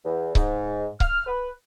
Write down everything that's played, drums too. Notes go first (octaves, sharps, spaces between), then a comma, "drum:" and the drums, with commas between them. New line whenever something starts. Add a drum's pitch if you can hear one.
E2
G#2, drum: kick C#1
F6, drum: kick C#1
B4